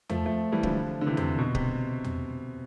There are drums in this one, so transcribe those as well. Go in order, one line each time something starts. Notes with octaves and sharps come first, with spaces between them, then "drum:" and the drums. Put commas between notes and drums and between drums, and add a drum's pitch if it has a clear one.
F3 A3, drum: tom E2
F3 A3
E3 G3
D3 F3, drum: kick
D3
C3 E3
C3, drum: tom E2
B2
C3, drum: kick
drum: tom E2